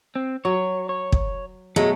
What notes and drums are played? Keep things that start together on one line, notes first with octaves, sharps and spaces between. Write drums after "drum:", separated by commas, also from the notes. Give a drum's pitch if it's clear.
C4
F#3 C#5
C#5
drum: kick
B2 F#3 G#3 A3